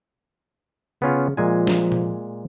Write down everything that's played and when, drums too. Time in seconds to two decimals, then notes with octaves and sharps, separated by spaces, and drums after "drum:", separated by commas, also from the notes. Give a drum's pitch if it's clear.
1.02 C#3 B3 C#4 F4
1.37 A#2 F3 G#3 G#5
1.67 drum: snare
1.92 drum: tom A#2